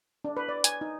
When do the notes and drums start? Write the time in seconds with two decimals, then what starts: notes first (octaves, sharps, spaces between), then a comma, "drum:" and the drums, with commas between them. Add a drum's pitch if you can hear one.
0.24 D4
0.37 B4
0.49 D5
0.64 G#5, drum: hi-hat
0.81 D#4